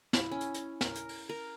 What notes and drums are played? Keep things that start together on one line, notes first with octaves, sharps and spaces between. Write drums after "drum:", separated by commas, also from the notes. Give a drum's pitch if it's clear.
E4, drum: snare
C#4
drum: hi-hat
drum: hi-hat
A#4, drum: snare
drum: hi-hat
drum: open hi-hat
A#4